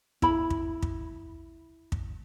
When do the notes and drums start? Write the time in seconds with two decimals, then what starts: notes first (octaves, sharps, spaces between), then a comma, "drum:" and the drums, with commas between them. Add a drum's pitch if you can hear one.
0.22 E4 B5, drum: kick
0.50 drum: kick
0.83 drum: kick
1.92 drum: kick